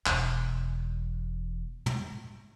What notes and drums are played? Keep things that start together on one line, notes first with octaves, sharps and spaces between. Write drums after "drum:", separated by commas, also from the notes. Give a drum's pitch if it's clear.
E1 E2, drum: clap
drum: tom